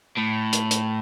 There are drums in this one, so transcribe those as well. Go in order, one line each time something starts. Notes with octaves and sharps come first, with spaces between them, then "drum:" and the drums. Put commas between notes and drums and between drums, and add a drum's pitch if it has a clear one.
A2
drum: hi-hat
drum: hi-hat